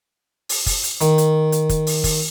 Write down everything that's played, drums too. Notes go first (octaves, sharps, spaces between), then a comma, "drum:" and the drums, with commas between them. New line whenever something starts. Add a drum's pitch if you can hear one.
drum: open hi-hat
drum: kick, open hi-hat
drum: hi-hat
D#3, drum: hi-hat
drum: hi-hat
drum: hi-hat
drum: kick, hi-hat
drum: open hi-hat
drum: kick, open hi-hat